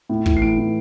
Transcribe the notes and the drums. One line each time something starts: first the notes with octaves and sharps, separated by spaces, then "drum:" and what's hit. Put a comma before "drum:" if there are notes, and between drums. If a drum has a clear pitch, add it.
A2
E3, drum: kick
C7
A2 D7
E3